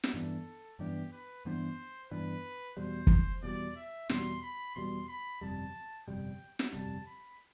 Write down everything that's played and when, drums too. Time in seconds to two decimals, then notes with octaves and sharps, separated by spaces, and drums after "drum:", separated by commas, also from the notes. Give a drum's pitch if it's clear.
0.04 drum: snare
0.13 G2 E3 B3 D4 A4
0.79 G2 E3 B3 D4 G4
1.12 B4
1.45 G2 E3 B3 D4 C5
2.11 G2 E3 B3 D4 B4
2.77 E2 B2 G3 C5
3.07 drum: kick
3.43 E2 B2 G3 D5
3.76 E5
4.09 E2 B2 G3 C6, drum: snare
4.42 B5
4.75 E2 B2 G3 C6
5.08 B5
5.41 G1 F2 C3 G3 A5
6.08 G1 F2 C3 G3 G5
6.59 drum: snare
6.73 G1 F2 C3 G3 A5
7.06 B5